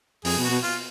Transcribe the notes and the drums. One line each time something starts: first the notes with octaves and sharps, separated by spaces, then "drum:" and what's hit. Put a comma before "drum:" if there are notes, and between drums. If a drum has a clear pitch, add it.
F2 G#4, drum: open hi-hat
B2
F#4
B2
F4